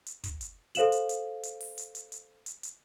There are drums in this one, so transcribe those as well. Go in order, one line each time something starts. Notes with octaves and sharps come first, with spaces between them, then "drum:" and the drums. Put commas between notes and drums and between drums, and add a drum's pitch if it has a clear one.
drum: hi-hat
drum: kick, hi-hat
drum: hi-hat
A4 C5 F5 E7 F#7, drum: hi-hat
drum: hi-hat
drum: hi-hat
drum: hi-hat
drum: open hi-hat
drum: hi-hat
drum: hi-hat
drum: hi-hat
drum: hi-hat
drum: hi-hat